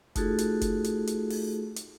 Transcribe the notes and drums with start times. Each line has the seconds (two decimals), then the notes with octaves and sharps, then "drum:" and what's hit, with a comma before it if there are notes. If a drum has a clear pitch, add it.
0.15 A3 D#4 F4 F#4 G#4 A4, drum: kick F1, hi-hat
0.38 drum: hi-hat
0.61 drum: kick F1, hi-hat
0.84 drum: hi-hat
1.07 drum: hi-hat
1.30 drum: open hi-hat
1.76 drum: hi-hat